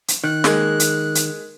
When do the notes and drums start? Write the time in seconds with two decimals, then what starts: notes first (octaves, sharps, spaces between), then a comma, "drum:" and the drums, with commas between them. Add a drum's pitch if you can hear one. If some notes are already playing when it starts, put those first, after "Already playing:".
0.08 drum: hi-hat
0.24 D#3 F#6
0.44 G#3 A#3, drum: snare
0.80 drum: hi-hat
1.15 drum: hi-hat